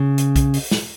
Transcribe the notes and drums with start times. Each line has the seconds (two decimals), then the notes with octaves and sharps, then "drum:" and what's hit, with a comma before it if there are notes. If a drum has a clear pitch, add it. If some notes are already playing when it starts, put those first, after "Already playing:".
Already playing: C#3
0.18 drum: hi-hat
0.36 drum: kick B1, hi-hat
0.54 drum: open hi-hat
0.71 drum: snare